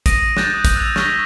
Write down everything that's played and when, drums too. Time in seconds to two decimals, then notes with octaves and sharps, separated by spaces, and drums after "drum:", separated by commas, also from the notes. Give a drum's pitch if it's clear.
0.06 D#6 A#6 D7 D#7, drum: kick, hi-hat
0.37 D6 F#6 G6 A6, drum: snare
0.54 D#6 G6
0.65 drum: kick, hi-hat
0.76 E6 F#6 G#6 F7
0.96 C#6 F6 A#6 B6 G7, drum: snare